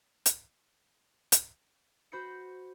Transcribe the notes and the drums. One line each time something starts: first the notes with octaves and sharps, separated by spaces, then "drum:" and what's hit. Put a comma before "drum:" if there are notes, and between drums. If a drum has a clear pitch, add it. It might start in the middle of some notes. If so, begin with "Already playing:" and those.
drum: hi-hat
drum: hi-hat
F#4 C5 B5 G6 C7 C#7